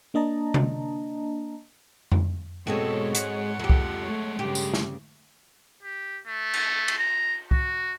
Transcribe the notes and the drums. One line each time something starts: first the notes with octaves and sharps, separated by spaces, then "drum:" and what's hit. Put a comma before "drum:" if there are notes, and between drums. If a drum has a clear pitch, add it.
A#3 D4 D#5 A5 A#5
drum: tom C3
drum: tom F2
G#2 B2 G#3 C4 F#4 A4 C#5
G#2 F#5, drum: hi-hat
F2 G#3 G4 A4
drum: kick C2
A3 C#5
G2 C#3 G4
drum: tambourine
drum: snare
G4
A3
drum: cymbal
drum: cymbal
A#5
F#4, drum: kick C2